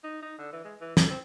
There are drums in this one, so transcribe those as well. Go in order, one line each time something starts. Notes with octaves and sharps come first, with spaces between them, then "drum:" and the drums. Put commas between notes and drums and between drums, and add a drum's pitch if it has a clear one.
D#4
D#4
D3
E3
G#3
E3
A4, drum: snare
C4